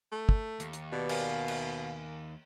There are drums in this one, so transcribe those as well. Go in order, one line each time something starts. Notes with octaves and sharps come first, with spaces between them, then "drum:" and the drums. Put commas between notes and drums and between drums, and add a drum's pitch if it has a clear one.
A3
drum: kick
D#2, drum: hi-hat
drum: hi-hat
B2 G4 B4 D5
A#4 F5 G#5, drum: cymbal
drum: cymbal